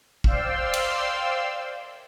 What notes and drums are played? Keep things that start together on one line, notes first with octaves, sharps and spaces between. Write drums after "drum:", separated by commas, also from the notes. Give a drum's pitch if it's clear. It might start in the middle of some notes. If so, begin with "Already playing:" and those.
C5 D5 F5 G5 C6 E6, drum: kick
drum: cymbal